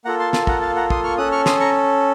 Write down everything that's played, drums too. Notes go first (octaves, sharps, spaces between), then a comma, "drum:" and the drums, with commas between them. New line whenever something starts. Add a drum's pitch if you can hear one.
A#3 F4 A4 F#5 A#5
A5 C6
A5 C6, drum: snare
F#5 A#5, drum: kick
F5 A5
F#5 A#5
C6 D#6, drum: kick
C#6 F6
C#4 A4 D#6 F#6
C#6 F6
C6 D#6, drum: snare
A#5 C#6